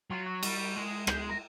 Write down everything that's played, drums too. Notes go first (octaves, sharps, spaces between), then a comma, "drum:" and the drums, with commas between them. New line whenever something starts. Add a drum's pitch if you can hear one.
F#3 F4
F#4
G3, drum: cymbal
G#3
G#3 G4, drum: rim click
A#4